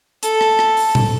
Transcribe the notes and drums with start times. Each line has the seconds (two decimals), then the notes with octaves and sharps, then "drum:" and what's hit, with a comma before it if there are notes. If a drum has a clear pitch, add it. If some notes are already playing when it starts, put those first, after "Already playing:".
0.23 A4, drum: hi-hat
0.41 drum: rim click
0.59 drum: rim click
0.77 drum: open hi-hat
0.95 drum: tom A#2